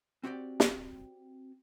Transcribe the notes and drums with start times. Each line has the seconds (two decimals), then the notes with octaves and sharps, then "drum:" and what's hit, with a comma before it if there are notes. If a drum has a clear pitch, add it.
0.24 C4 F#4 G4 D5 G5
0.60 drum: snare